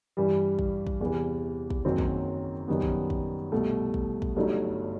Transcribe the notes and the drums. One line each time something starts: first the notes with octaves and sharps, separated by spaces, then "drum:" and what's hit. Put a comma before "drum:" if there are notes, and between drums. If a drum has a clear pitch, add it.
G2 E3 G3
drum: kick
drum: kick
E2 C3 E3
drum: kick
F#1 F#2 D#3 F#3 C4
drum: kick
F#2 D#3 G3 B3
drum: kick
drum: kick
C2 B2 A3
drum: kick
drum: kick
G1 G2 F#3 A3 D#4